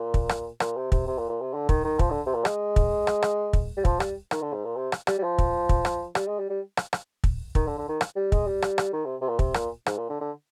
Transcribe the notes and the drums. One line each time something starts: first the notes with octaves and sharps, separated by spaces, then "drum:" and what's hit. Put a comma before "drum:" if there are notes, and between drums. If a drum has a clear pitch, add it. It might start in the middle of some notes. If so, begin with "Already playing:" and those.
Already playing: A#2
drum: kick
drum: rim click
A#2, drum: rim click
C3
C3, drum: kick
C3
A#2
A#2
C3
D3
D#3, drum: kick
D#3
F3, drum: kick
D3
C3
A#2
G#3, drum: rim click
drum: kick
drum: rim click
drum: rim click
drum: kick
G3
F3, drum: kick
G3, drum: rim click
D#3, drum: rim click
D3
G#2
A#2
C3
drum: rim click
G3, drum: rim click
G3
F3
drum: kick
drum: kick
drum: rim click
G3, drum: rim click
G#3
G3
G3
drum: rim click
drum: rim click
drum: kick
D#3, drum: kick
D3
D3
D#3
drum: rim click
G3
G#3, drum: kick
G3
drum: rim click
drum: rim click
D#3
C3
C3
A#2
C3, drum: kick
A#2, drum: rim click
G#2, drum: rim click
A#2
D3
D3